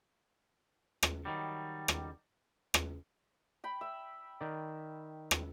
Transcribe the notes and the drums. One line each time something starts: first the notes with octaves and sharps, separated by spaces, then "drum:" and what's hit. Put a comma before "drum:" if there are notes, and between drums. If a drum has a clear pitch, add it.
drum: rim click
D#3 F#3 G3
drum: rim click
drum: rim click
G5 B5
E5
D#3 D5
drum: rim click